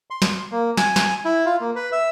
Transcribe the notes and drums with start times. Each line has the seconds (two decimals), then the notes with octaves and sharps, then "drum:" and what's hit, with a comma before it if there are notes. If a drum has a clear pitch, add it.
0.10 C6
0.22 drum: snare
0.52 A#3
0.77 G#5, drum: snare
0.96 drum: snare
1.25 E4
1.46 F4
1.61 A#3
1.76 B4
1.92 E5